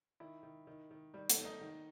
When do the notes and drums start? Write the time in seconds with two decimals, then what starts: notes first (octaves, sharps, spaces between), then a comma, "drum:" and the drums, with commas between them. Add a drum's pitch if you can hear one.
0.20 D#3 E4
0.43 D#3
0.67 D#3
0.91 D#3
1.14 D#3 G3
1.30 A3, drum: hi-hat
1.38 D#3
1.45 D#4
1.61 D#3